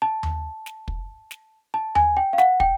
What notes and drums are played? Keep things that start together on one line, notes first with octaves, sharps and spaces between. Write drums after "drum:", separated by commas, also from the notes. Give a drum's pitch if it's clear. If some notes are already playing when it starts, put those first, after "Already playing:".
A5
drum: tom D#2
drum: snare
drum: kick
drum: snare
A5
G#5, drum: tom D#2
G5
F5
F#5, drum: snare
G5, drum: kick